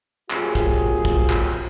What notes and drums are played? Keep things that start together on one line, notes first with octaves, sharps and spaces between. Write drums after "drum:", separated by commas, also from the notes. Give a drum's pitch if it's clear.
A#2 F#3 C4 F4 G4 G#4, drum: clap
drum: kick, hi-hat
drum: kick, hi-hat
drum: clap